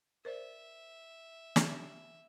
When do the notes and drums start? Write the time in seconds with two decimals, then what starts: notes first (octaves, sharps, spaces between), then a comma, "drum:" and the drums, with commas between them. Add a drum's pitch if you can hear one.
0.25 A#4 C5 D5 E5
1.56 drum: snare